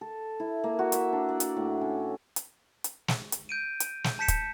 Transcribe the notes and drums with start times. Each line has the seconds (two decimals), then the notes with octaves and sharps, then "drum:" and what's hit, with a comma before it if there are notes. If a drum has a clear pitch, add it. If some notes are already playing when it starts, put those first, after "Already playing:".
0.01 A4
0.40 E4
0.64 A#3
0.79 F#4
0.92 E5, drum: hi-hat
1.13 D4
1.29 D5
1.40 drum: hi-hat
1.57 A2
1.81 C#4
2.36 drum: hi-hat
2.84 drum: hi-hat
3.08 drum: snare
3.32 drum: hi-hat
3.49 G6 D7 D#7
3.80 drum: hi-hat
4.04 drum: snare
4.19 A5 G6 B6 C#7 E7
4.28 drum: kick, hi-hat